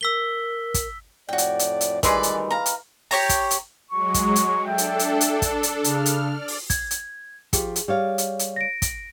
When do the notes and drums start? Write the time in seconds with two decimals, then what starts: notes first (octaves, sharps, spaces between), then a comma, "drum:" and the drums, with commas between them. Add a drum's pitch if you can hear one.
0.01 A#4 E6 B6 G7
0.74 drum: kick, hi-hat
1.29 F2 A2 F#4 D5 G5
1.38 drum: hi-hat
1.59 drum: hi-hat
1.81 drum: hi-hat
2.03 D2 D#3 E3 G3 G#3 B4 D5, drum: kick, hi-hat
2.23 drum: hi-hat
2.51 F5 A#5
2.66 drum: hi-hat
3.11 G4 C#5 A#5, drum: open hi-hat
3.29 drum: kick, hi-hat
3.51 drum: hi-hat
3.91 F#3 G#3 C#6
4.14 drum: kick, hi-hat
4.36 drum: hi-hat
4.65 D4 A4 E5 G5
4.78 drum: hi-hat
4.99 drum: hi-hat
5.21 drum: hi-hat
5.42 drum: kick, hi-hat
5.63 drum: hi-hat
5.84 C#3 D4 F6, drum: hi-hat
6.06 drum: hi-hat
6.29 D5
6.48 drum: open hi-hat
6.70 G#6, drum: kick, hi-hat
6.91 drum: hi-hat
7.53 F3 G4 G#4, drum: kick, hi-hat
7.76 drum: hi-hat
7.88 G3 C#5 F5
8.18 drum: hi-hat
8.39 drum: hi-hat
8.56 A#6 D7
8.82 drum: kick, hi-hat